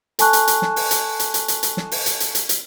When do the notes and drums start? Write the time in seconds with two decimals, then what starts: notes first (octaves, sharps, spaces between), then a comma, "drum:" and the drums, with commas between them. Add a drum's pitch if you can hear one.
0.19 A4 G#5 A5 C#6 F#6, drum: hi-hat
0.33 drum: hi-hat
0.48 drum: hi-hat
0.62 drum: snare
0.76 drum: open hi-hat
0.91 drum: hi-hat
1.20 drum: hi-hat
1.34 drum: hi-hat
1.48 drum: hi-hat
1.63 drum: hi-hat
1.77 drum: snare
1.91 drum: open hi-hat
2.06 drum: hi-hat
2.20 drum: hi-hat
2.35 drum: hi-hat
2.49 drum: hi-hat